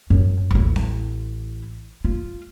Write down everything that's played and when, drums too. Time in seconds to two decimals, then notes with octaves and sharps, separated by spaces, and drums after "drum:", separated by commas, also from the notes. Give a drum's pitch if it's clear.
0.10 F#2
0.51 A1 E4, drum: tom D#2
0.76 drum: snare C4
2.05 F4